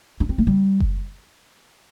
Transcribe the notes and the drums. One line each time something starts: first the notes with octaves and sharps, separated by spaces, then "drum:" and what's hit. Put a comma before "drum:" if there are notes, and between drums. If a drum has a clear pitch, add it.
D4
C4
A3
G3
drum: kick F#1